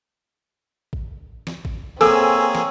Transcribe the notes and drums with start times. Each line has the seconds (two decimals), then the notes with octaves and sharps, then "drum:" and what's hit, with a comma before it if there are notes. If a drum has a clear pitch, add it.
0.93 drum: kick A1
1.47 drum: snare
1.65 drum: kick A1
2.01 A#3 C4 G#4 A4 C#5 G#5 E6, drum: snare
2.55 drum: snare